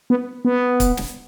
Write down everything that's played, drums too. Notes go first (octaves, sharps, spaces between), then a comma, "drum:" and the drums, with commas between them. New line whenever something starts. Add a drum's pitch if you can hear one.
B3
B3
drum: kick C#1, hi-hat
drum: snare